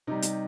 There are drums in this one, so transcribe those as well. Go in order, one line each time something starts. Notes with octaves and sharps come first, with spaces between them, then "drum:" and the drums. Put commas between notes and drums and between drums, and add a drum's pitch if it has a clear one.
C3 G3 D#4
drum: hi-hat